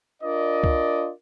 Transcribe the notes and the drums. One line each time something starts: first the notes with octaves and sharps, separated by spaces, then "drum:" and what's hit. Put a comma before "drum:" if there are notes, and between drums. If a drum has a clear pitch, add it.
D4 F4 A#4 D5 D#5
drum: kick C2